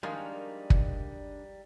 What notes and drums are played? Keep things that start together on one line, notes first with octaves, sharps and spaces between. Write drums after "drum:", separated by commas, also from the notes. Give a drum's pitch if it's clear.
D#3 F3 G3 G#3 A#3 D4 D#4 C#5
drum: kick